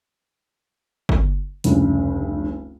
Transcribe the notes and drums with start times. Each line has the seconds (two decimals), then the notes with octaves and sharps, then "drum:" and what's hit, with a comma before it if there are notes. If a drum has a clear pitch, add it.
1.09 drum: kick
1.64 F1 C#2 G2, drum: hi-hat